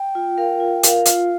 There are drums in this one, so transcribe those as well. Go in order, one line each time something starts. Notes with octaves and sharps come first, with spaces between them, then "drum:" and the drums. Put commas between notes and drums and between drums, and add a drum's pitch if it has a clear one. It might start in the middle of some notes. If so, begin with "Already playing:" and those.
Already playing: G5
F4
A#4 F5
F4
A#4 F5, drum: hi-hat
F4 F5, drum: hi-hat